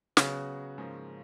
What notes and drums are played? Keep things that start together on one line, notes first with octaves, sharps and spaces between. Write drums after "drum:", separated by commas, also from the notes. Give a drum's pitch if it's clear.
C#3 F#3 B3 F#4 B4, drum: snare
G#2 F3 A#3 C#4